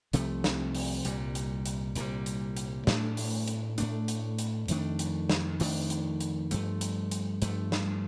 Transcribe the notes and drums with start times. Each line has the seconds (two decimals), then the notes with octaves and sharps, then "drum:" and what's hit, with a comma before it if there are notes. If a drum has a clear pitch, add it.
0.13 C2 C3 F3 A3, drum: hi-hat
0.44 drum: snare
0.75 drum: open hi-hat
1.05 C2 A#2 G3, drum: hi-hat
1.35 drum: hi-hat
1.66 drum: hi-hat
1.96 C2 A#2 G3, drum: hi-hat
2.26 drum: hi-hat
2.57 drum: hi-hat
2.87 A2 A3 D4, drum: snare
3.17 drum: open hi-hat
3.48 drum: hi-hat
3.78 A2 A3 D4, drum: hi-hat
4.08 drum: hi-hat
4.39 drum: hi-hat
4.68 F2 D#3 A3 D4, drum: hi-hat
4.99 drum: hi-hat
5.30 drum: snare
5.60 F2 D#3 A3 D4, drum: open hi-hat
5.90 drum: hi-hat
6.20 drum: hi-hat
6.51 G2 F3 A3, drum: hi-hat
6.81 drum: hi-hat
7.11 drum: hi-hat
7.42 G2 F3 A3, drum: hi-hat
7.72 drum: snare